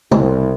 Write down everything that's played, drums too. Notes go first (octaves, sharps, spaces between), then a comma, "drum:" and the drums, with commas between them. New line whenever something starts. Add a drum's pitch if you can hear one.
C2, drum: tom